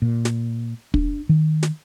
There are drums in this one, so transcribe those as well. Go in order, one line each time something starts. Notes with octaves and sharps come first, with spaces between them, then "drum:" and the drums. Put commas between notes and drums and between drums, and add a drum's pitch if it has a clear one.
A#2
drum: snare
D4, drum: kick
D#3
drum: snare